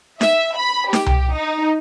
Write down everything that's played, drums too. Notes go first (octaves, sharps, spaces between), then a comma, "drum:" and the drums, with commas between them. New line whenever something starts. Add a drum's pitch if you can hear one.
E5, drum: snare D#4
B5
G4, drum: snare D#4
drum: tom C2
D#4